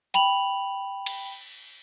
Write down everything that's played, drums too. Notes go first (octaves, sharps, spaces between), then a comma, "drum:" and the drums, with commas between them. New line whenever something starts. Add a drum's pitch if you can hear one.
G5 B5 F7 F#7, drum: hi-hat
drum: cymbal